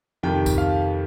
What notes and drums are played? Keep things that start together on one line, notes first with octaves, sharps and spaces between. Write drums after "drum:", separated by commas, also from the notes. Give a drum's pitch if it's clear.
F2 C3 D#3 G5
drum: kick C2, tambourine
F5